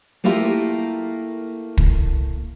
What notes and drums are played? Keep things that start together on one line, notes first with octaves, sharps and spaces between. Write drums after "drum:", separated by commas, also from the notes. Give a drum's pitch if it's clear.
A3 A#3 E4 F4 G4 A#4
drum: kick